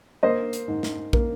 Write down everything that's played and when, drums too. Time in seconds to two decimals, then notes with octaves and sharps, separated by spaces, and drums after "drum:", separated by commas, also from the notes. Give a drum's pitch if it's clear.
0.23 A#3 C5 D#5
0.53 drum: hi-hat
0.68 G#2
0.83 drum: snare
1.13 A#3, drum: kick